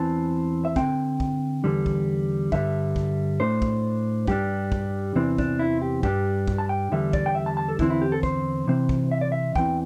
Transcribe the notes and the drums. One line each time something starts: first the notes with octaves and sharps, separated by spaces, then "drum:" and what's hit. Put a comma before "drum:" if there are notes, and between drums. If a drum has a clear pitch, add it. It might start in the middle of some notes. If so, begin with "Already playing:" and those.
Already playing: E2 E3 C4 A5
E5
D3 C4 G5, drum: kick
drum: kick
E2 D3 G3
drum: kick
G2 D3 G3 E5, drum: kick
drum: kick
A2 A3 D4 C5
drum: kick
G2 G3 D4 G4, drum: kick
drum: kick
E2 C3 E3 C4 D4
D4, drum: kick
E4
G4
G2 G3 D4 G4, drum: kick
drum: kick
A5
G5
E2 D3 G3 E5
D5, drum: kick
G5
E5
A5
A5
A4
E2 D3 C4 E4, drum: kick
E4
G4
A4
C5, drum: kick
C3 E3 C4
drum: kick
E5
D5
E5
E2 E3 C4 G5, drum: kick